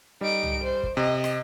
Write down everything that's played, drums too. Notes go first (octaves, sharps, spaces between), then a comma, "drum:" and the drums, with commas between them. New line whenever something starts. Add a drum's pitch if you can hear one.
G3 D#4 D7
drum: tom
C5
drum: kick
C3 D#5
drum: rim click